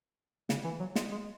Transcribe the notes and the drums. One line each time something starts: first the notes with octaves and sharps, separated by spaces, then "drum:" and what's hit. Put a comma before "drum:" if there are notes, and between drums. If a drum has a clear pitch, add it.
C#3, drum: snare
E3
F#3
G#3, drum: snare
G#3